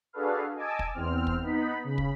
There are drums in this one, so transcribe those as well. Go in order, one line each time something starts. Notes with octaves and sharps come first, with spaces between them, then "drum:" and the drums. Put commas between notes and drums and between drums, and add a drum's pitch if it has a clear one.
D4 F#4 G#4 A4 B4 F5
D#5 G#5 A5 D6 E6
drum: kick
E2 C4 F6
drum: kick
B3 D#4 B5
C#3 B5
drum: kick